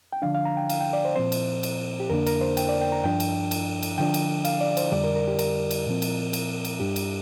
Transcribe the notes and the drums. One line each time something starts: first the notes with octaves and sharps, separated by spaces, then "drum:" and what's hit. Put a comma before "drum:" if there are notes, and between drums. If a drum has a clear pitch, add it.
G5
D3 F3 D4 F5
F5
A#5
G5
F5, drum: cymbal
G5
D5
C5
A#2 F3 C4 C5
drum: cymbal
drum: cymbal
G4
F2 D3 A#3 D4 A#4
A#4, drum: cymbal
C5
G5, drum: cymbal
D5
G5
A#5
G2 F3 D4 G5
drum: cymbal
drum: cymbal
drum: cymbal
D3 F3 D4 G5
drum: cymbal
F5, drum: cymbal
D5
C5, drum: cymbal
F2 D3 G3 D5
A#4
A#4
G4
A#4, drum: cymbal
drum: cymbal
A#2 F3 C4
drum: cymbal
drum: cymbal
drum: cymbal
G2 G3 D4 G4
drum: cymbal